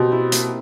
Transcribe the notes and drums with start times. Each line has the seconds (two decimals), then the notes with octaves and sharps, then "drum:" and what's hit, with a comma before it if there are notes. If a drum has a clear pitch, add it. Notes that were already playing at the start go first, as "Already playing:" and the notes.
Already playing: B2 A#3 C4 G4
0.12 E4
0.32 A#3, drum: hi-hat